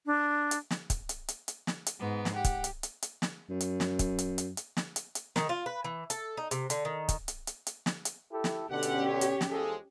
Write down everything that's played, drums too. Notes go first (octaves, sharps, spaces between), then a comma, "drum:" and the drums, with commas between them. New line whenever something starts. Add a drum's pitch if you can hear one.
D4
drum: hi-hat
drum: snare
drum: kick, hi-hat
drum: hi-hat
drum: hi-hat
drum: hi-hat
drum: snare
drum: hi-hat
G#2 B3
drum: snare
G4 F#5
drum: kick, hi-hat
drum: hi-hat
drum: hi-hat
drum: hi-hat
drum: snare
F#2
drum: hi-hat
drum: snare
drum: kick, hi-hat
drum: hi-hat
drum: hi-hat
drum: hi-hat
drum: snare
drum: hi-hat
drum: hi-hat
D#3, drum: snare
F4
B4
E3
A4, drum: hi-hat
D#4
C3, drum: hi-hat
D3, drum: hi-hat
D#3
drum: kick, hi-hat
drum: hi-hat
drum: hi-hat
drum: hi-hat
drum: snare
drum: hi-hat
E4 G4 A4
drum: snare
B2 D3 C#4 G4 A4 F#5
drum: hi-hat
C#5
drum: hi-hat
drum: snare
E2 F3 G#3 G#4 A4